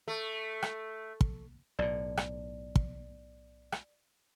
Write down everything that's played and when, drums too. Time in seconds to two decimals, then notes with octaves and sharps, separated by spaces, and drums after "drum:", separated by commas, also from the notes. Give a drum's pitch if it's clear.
0.08 A3
0.62 drum: rim click
1.21 drum: kick
1.79 B1 A2 D5
2.17 drum: rim click
2.76 drum: kick
3.72 drum: rim click